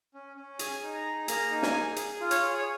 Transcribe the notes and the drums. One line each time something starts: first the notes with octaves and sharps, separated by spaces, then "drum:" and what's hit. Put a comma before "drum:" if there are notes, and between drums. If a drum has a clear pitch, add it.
C#4
C#4
G#4 G#5, drum: hi-hat
D#4
A#5
G#4
A#3 A#5, drum: hi-hat
D#4
G#5, drum: snare
G#4
G#4, drum: hi-hat
F4
C#5, drum: hi-hat
G#4
C#5